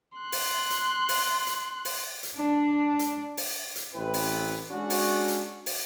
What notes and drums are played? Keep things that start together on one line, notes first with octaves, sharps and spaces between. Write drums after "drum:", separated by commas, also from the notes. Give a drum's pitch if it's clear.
C6 F#6
drum: open hi-hat
drum: hi-hat
drum: open hi-hat
drum: hi-hat
drum: open hi-hat
drum: hi-hat
D4
drum: hi-hat
drum: open hi-hat
drum: hi-hat
A1 C4 E4 B4
drum: open hi-hat
G#3 C#4 D4 F#4
drum: open hi-hat
drum: hi-hat
drum: open hi-hat